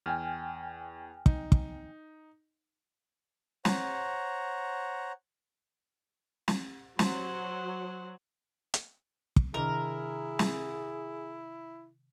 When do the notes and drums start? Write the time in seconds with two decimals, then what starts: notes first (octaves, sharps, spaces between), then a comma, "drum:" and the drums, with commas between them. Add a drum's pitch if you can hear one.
0.06 E2 G5 G#5 F6
1.26 D#4, drum: kick
1.52 drum: kick
3.65 C5 C#5 F#5 A#5, drum: snare
6.48 drum: snare
6.99 F#3 C5 F#5, drum: snare
8.74 drum: hi-hat
9.36 drum: kick
9.54 C3 D#3 D4 E4 G#4 A#4
10.39 drum: snare